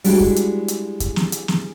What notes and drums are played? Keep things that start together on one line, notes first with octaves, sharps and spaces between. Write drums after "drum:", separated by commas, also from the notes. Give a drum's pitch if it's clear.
G3 G#3 D4 E4 F#4 G#4, drum: open hi-hat
drum: kick
drum: hi-hat
drum: hi-hat
drum: kick, hi-hat
drum: snare
drum: hi-hat
drum: snare